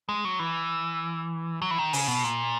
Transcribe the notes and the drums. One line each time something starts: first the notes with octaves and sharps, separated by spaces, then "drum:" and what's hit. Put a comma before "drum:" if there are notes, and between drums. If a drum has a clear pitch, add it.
G#3
F#3
E3
F#3
E3
D#3
C#3, drum: open hi-hat
B2
A#2